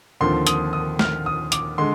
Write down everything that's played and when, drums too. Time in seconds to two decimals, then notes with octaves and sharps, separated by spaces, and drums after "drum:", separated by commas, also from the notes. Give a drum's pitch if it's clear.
0.21 D#2 D3 F3 C4 C6
0.47 D#6, drum: hi-hat
0.73 D#6
0.99 F6, drum: snare
1.26 D#6
1.52 D6, drum: hi-hat
1.78 D3 G#3 C6